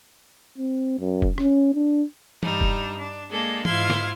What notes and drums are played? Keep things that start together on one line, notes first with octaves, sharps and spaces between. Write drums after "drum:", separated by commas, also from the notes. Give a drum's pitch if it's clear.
C4
F#2
drum: kick
C#4, drum: rim click
D4
G2 G3 D4 D#4, drum: tom E3
drum: kick
D4
G#3 A#3 D4 G#4 A4
G#2 E4 F4 F5 C6 G#6, drum: tom E3
drum: snare